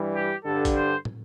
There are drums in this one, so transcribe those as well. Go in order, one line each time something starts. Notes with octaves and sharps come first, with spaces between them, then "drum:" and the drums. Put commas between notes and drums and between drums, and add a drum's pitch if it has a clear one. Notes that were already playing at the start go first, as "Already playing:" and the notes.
Already playing: G2 E3 G3
G4
G2 D3 G3 D4 G4 A4
drum: kick, hi-hat
C5
drum: tom